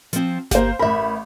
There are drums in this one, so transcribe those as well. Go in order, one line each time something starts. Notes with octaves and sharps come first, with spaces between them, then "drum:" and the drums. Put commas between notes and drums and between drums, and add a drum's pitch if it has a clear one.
F3 C4, drum: hi-hat
A#3 G4 C5 F5, drum: snare G1
A1 A#4 E5 B5